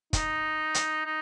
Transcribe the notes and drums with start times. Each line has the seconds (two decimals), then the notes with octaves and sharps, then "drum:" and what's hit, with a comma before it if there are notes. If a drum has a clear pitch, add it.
0.13 D#4, drum: kick, hi-hat
0.74 drum: hi-hat
1.06 D#4